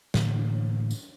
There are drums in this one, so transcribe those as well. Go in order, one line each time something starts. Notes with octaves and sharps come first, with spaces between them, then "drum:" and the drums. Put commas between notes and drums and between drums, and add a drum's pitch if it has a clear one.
A2 D3 E3 A#3, drum: snare
drum: tambourine